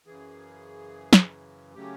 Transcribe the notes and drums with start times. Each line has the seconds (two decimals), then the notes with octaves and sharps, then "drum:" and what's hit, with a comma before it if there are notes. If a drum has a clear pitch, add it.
0.06 F#2 C#3 E3 G#4
1.13 drum: snare
1.75 C#3 F#3 A3 C#4 G4